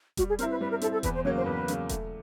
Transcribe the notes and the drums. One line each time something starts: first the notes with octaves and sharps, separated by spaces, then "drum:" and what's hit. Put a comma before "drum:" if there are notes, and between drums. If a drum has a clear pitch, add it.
G3 F#4, drum: kick E1, hi-hat
G#4
C4 E4 A#4, drum: hi-hat
B4
G3 B4
A#4
C4 E4 A4, drum: hi-hat
A4
E2 B4, drum: kick E1, hi-hat
C5
C#3 F#3 A#3 C#5
C5
E2 B4
C#3 F#3 A#3, drum: hi-hat
A3, drum: kick E1, hi-hat